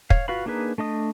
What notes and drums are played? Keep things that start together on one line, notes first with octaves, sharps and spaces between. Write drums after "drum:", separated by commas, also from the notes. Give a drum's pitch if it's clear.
C#5 F5, drum: kick
F4 F#4 B4 F5 B5
A#3 D4 D#4 G#4 B4
A3 D4 D#5 D#6